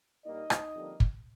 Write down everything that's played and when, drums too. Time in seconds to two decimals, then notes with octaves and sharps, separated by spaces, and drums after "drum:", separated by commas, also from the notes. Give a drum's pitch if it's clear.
0.25 A#2 G3 A#3 D#4 D#5
0.50 drum: rim click
0.75 F2 D3 G3 A#3
1.00 drum: kick